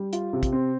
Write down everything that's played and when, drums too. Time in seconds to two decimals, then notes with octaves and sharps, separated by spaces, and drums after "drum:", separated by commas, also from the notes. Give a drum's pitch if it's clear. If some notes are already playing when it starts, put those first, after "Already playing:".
Already playing: G3
0.13 F4, drum: hi-hat
0.33 C3
0.43 drum: kick, hi-hat
0.52 C4